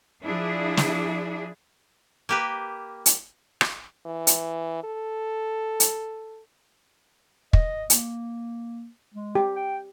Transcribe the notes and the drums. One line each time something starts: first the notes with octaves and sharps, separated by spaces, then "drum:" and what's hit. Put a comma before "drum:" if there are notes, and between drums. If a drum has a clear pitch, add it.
F3 D4 E4 G#4
drum: snare
A#3 G4 B4
drum: hi-hat
drum: rim click
E3
drum: hi-hat
A4
drum: hi-hat
D#5, drum: kick
A#3, drum: hi-hat
G#3
G4
G5